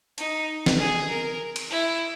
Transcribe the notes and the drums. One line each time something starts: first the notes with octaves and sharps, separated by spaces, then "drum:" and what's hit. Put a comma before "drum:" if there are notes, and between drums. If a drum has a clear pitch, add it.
D#4, drum: hi-hat
drum: snare
G#4
A#4
drum: cymbal
E4